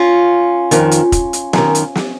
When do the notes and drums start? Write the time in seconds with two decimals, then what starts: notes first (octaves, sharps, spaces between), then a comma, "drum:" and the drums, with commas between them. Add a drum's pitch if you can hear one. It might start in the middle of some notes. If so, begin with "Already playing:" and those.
Already playing: C#4 F4
0.71 F2 D#3, drum: hi-hat
0.91 drum: hi-hat
1.12 drum: kick, hi-hat
1.33 drum: hi-hat
1.53 F#2 D#3, drum: snare
1.75 drum: hi-hat
1.95 drum: snare